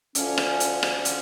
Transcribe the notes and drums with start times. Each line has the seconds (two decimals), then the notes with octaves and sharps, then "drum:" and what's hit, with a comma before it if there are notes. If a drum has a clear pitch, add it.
0.15 D2 D3 F3 C#4, drum: hi-hat
0.38 drum: rim click
0.60 drum: hi-hat
0.83 drum: rim click
1.05 D3 F3, drum: hi-hat